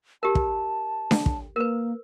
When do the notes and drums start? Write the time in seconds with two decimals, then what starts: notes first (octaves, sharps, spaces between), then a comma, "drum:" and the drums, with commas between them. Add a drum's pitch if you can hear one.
0.23 G4 A#4 A5
0.35 drum: kick
1.11 drum: snare D4
1.26 drum: kick
1.56 A#3 A#4 B4